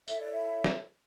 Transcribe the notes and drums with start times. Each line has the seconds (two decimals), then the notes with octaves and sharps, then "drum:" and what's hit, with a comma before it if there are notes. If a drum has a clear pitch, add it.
0.08 E4 A4 C#5 E5, drum: tambourine
0.19 D5
0.31 E5
0.64 drum: snare